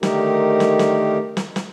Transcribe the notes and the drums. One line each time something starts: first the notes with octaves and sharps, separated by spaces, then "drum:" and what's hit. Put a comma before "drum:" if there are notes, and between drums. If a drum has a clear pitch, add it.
D3 D#3 A3 D#4 G4 A#4, drum: snare
drum: snare
drum: snare
drum: snare
drum: snare